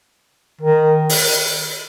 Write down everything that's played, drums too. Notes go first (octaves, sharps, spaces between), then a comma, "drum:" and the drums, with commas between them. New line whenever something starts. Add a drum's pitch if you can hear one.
D#3
drum: open hi-hat